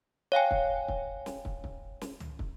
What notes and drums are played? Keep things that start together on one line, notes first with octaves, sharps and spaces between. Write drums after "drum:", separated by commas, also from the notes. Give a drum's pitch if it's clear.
C#5 F5 G5 G#5
drum: kick
drum: kick
drum: snare
drum: kick
drum: kick
drum: snare
drum: tom
drum: kick